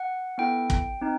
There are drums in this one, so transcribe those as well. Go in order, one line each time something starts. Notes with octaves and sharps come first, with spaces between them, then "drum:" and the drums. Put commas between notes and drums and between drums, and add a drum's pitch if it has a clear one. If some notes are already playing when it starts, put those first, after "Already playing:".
Already playing: F#5
B3 E4 A4 G5
drum: kick
C4 D#4